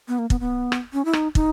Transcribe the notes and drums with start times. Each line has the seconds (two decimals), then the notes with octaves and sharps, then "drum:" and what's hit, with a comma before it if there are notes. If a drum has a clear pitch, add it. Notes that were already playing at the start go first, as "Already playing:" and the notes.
0.08 B3
0.19 A#3
0.30 B3, drum: kick
0.40 B3
0.72 drum: rim click
0.93 C#4
1.05 E4
1.13 D#4, drum: rim click
1.35 D#4, drum: kick